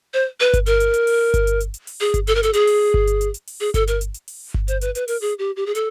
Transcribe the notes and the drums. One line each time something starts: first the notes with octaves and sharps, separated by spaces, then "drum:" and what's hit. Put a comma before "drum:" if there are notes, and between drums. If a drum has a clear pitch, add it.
C5
B4
drum: kick G1, hi-hat
A#4, drum: hi-hat
drum: hi-hat
drum: hi-hat
drum: open hi-hat
drum: kick G1, hi-hat
drum: hi-hat
drum: hi-hat
drum: hi-hat
drum: open hi-hat
G#4
drum: kick G1, hi-hat
A4, drum: hi-hat
A#4
A4, drum: hi-hat
G#4, drum: hi-hat
drum: open hi-hat
drum: kick G1
drum: hi-hat
drum: hi-hat
drum: hi-hat
drum: open hi-hat
G#4
A4, drum: kick G1, hi-hat
A#4, drum: hi-hat
drum: hi-hat
drum: hi-hat
drum: open hi-hat
drum: kick G1
C5, drum: hi-hat
B4, drum: hi-hat
B4, drum: hi-hat
A#4, drum: open hi-hat
G#4
G4
G4
G#4
A4, drum: hi-hat